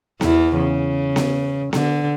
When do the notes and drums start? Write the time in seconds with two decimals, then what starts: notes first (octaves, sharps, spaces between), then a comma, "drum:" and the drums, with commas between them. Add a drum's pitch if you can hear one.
0.21 E2 E3, drum: snare B3
0.59 C#3
1.16 drum: snare B3
1.73 D3, drum: snare B3